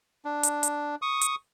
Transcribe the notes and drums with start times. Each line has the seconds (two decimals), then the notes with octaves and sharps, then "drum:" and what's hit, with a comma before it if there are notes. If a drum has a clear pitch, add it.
0.25 D4
0.43 drum: hi-hat
0.63 drum: hi-hat
1.02 C#6 D#6
1.21 drum: hi-hat